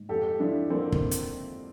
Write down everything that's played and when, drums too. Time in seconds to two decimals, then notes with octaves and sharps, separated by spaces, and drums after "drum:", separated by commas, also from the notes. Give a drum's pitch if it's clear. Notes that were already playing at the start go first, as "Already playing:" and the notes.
Already playing: G#2
0.09 F2 G4 A4
0.40 F3 D4 E4
0.70 F3 A#3 C4
0.92 drum: kick
1.11 drum: hi-hat